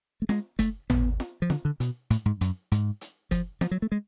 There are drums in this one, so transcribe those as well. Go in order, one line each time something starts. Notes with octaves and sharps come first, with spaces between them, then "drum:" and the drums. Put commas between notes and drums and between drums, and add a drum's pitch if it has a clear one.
A3
G#3, drum: snare
A3, drum: kick F#1, hi-hat
B3, drum: tom G#1
drum: snare
F3
D3, drum: snare
D3
B2, drum: hi-hat
A2, drum: hi-hat
G#2
F#2, drum: hi-hat
G#2, drum: hi-hat
drum: hi-hat
F3, drum: kick F#1, hi-hat
F3, drum: snare
F#3
A3
G#3